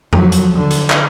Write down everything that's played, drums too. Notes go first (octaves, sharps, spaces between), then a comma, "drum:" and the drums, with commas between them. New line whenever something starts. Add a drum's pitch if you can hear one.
F3 F#3, drum: tom F2
drum: hi-hat
D3
drum: hi-hat
drum: clap